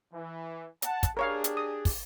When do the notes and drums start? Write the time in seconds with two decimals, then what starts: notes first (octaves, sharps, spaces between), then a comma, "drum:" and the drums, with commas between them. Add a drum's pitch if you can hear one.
0.13 E3
0.82 F#5 A5, drum: hi-hat
1.03 drum: kick, hi-hat
1.17 D4 G4 G#4 A#4 C#5 F5
1.44 drum: hi-hat
1.57 D#6
1.85 drum: kick, open hi-hat